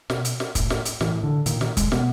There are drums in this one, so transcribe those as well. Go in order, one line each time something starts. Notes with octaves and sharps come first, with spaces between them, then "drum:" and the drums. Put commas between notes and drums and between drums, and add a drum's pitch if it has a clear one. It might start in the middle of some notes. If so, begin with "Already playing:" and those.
B2, drum: snare
drum: hi-hat
drum: snare
A2, drum: kick, hi-hat
drum: snare
drum: hi-hat
A2 E3, drum: snare
D3
A#2 D#3, drum: hi-hat
D#3, drum: snare
G#3, drum: kick, hi-hat
B2 B3, drum: snare